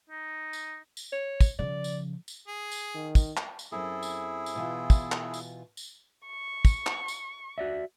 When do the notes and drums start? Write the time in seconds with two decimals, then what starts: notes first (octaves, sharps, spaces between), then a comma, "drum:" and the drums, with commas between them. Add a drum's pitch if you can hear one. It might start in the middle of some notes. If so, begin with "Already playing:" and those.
0.09 D#4
0.53 drum: tambourine
0.97 drum: tambourine
1.12 C#5
1.41 drum: kick, tambourine
1.59 C#3 F3 D5
1.84 drum: tambourine
2.28 drum: tambourine
2.48 G#4
2.72 drum: tambourine
2.95 D#3
3.15 drum: kick, tambourine
3.37 drum: clap
3.59 drum: tambourine
3.72 F#2 C4 E4 G#4 A4
4.03 drum: tambourine
4.46 drum: tambourine
4.55 B2 E3 F4
4.90 drum: kick, tambourine
5.12 drum: clap
5.34 drum: tambourine
5.77 drum: tambourine
6.27 C#6
6.65 drum: kick, tambourine
6.86 drum: clap
7.08 drum: tambourine
7.58 F#4 D5 E5